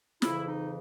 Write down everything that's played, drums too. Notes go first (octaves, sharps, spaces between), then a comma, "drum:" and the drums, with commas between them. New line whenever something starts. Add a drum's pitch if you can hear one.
F2 C#3 E3 E4, drum: snare
D#4